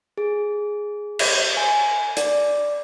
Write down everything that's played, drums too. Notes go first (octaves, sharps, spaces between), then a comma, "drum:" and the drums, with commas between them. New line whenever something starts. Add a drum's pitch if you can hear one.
G#4
drum: cymbal
G#5
D5, drum: hi-hat